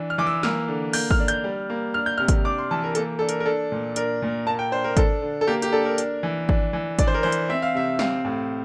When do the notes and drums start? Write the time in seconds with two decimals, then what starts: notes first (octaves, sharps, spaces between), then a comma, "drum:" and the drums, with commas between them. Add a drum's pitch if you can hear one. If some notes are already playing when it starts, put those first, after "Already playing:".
Already playing: E3 D4
0.10 F6
0.18 E3 D6
0.27 E6
0.43 A#3 F6, drum: snare
0.68 D3
0.93 A#3 G6, drum: open hi-hat
1.11 F6, drum: kick G#1
1.20 D4
1.28 G6, drum: hi-hat
1.44 G3
1.70 A#3
1.94 D4 F6
2.06 G6
2.18 C3 F6
2.28 drum: kick G#1, hi-hat
2.45 D4 D6
2.58 C6
2.71 E3 A5
2.84 A#4
2.95 A#3 A4, drum: hi-hat
3.19 D4 A4
3.29 A#4, drum: hi-hat
3.40 A#4
3.46 D4 A4
3.72 A#2
3.96 D4 A#4, drum: hi-hat
4.22 A#2
4.47 A#3 A5
4.59 G5
4.71 D4 C5
4.84 A#4
4.97 D4 A4, drum: kick G#1, hi-hat
5.22 D3
5.41 A4
5.47 A#3 G4
5.62 G4, drum: hi-hat
5.72 D4 A4
5.85 A#4
5.98 D4, drum: hi-hat
6.23 E3
6.49 D4, drum: kick G#1
6.73 E3
6.99 D4 D5, drum: kick G#1, hi-hat
7.07 C5
7.14 A#4
7.23 E3 C5
7.32 drum: hi-hat
7.49 C4 E5
7.62 F5
7.75 C3 E5
7.99 C4 F5, drum: snare
8.25 A2